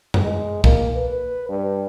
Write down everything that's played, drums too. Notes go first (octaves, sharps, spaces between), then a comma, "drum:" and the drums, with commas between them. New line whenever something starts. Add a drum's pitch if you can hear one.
drum: tom F#2
G#3
A#3, drum: kick
B4
G2